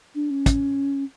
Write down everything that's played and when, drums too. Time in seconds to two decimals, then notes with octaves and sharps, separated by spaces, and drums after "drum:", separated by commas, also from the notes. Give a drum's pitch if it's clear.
0.15 D4
0.30 C#4
0.46 drum: kick, hi-hat